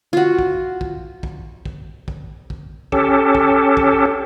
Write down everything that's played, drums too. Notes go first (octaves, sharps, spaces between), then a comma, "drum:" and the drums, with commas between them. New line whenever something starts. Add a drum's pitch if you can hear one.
F4 F#4
drum: kick
drum: kick
drum: kick
drum: kick
drum: kick
drum: kick
C#4 G4 A4, drum: kick
drum: kick
drum: kick